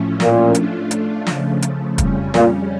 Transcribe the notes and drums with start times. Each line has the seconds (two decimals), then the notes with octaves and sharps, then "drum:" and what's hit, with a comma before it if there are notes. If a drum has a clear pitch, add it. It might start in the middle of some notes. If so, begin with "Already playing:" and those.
Already playing: A2 F3 A3 C#4
0.20 A#2, drum: snare
0.55 A3 D4 F4, drum: hi-hat
0.91 drum: hi-hat
1.27 C#3 F3 A3, drum: snare
1.62 drum: hi-hat
1.98 F2 C#3 G3 C#4, drum: kick, hi-hat
2.34 A#2, drum: snare